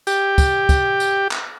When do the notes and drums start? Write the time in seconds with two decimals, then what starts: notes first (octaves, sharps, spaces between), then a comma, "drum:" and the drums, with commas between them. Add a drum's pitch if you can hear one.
0.07 G4, drum: tambourine
0.38 drum: kick, tambourine
0.69 drum: kick, tambourine
1.00 drum: tambourine
1.31 drum: clap